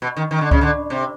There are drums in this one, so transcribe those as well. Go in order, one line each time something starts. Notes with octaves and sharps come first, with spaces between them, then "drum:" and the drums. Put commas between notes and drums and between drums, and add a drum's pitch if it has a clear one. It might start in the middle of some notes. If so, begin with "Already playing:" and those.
B2
D#3
D#3
D3
C#3, drum: kick C#2
D3
C3